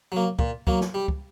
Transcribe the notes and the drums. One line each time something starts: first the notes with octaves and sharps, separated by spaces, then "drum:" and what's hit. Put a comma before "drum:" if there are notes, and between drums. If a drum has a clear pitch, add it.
F#3 A#3
A#2, drum: kick
F#3 A#3, drum: kick
drum: snare
G3
drum: kick